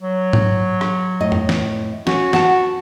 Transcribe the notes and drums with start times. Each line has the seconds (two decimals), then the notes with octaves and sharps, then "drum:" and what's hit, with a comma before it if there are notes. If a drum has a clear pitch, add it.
0.02 F#3
0.33 drum: tom G#2
0.81 drum: rim click
1.20 A2 D#5
1.32 drum: tom F2
1.49 drum: snare
2.07 C#4 F#4, drum: snare
2.33 F#5 A5, drum: snare